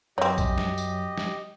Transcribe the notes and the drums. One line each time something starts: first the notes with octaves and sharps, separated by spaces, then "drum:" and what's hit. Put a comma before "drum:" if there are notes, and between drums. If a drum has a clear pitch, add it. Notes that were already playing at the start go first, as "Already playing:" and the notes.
F#2 F#3 C4 G4 C#5 D#5
drum: kick B1, tambourine
drum: snare
drum: tambourine
drum: snare